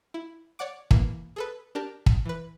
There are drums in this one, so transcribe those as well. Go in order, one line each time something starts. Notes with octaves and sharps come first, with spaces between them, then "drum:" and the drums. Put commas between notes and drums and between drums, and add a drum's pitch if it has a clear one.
E4
C#5 D5 F#5 D6
E3 A#3, drum: kick
G#4 A4 B4
D4 G4 A#4 A5
drum: kick
E3 B4